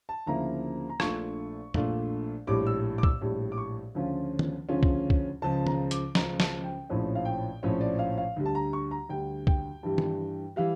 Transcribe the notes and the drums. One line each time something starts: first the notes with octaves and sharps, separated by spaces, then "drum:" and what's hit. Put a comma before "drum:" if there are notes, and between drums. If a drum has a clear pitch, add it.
A5
D2 C#3 F3 A#3 E4 A#5
A#5
A#1 A#2 A3 D4 F4 C#6, drum: rim click
A#1 A#2 A3 D4 F4, drum: tom F2
A#1 A2 G3 D6
E6
D6
E6, drum: kick
A#1 A2 G3
D6
C#6
D2 C#3 F3 C#4 F4
drum: tom
D2 C#3 F3 C#4 F4
drum: kick
drum: kick
C#2 C#3 F3 A5
A#5, drum: tom
D6, drum: hi-hat
C#2 C#3 F3 A#5, drum: snare
A5, drum: snare
G5
A#1 A2 F3 C#4
F5
G5
A#1 A2 F3 C#4 C#5
D5
F5
F5
D2 D3 G3
A5
A#5
C#6
A#5
D2 D3 G3 G5
G5, drum: kick
G2 E3 G3
drum: tom
E3 G3 F5